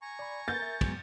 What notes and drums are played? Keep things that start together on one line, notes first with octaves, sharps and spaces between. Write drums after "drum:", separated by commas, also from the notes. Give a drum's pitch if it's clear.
G#5 A#5 C#6
D5 B5
A#4 B4 G6 A6
A#4 E5
F#3 G#3 B3, drum: kick, cymbal